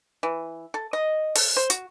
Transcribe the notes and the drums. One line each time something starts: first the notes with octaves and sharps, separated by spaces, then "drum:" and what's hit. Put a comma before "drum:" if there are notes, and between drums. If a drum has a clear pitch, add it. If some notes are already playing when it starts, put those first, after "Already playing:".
E3
A4
D#5
A4, drum: open hi-hat
C5
F#4, drum: hi-hat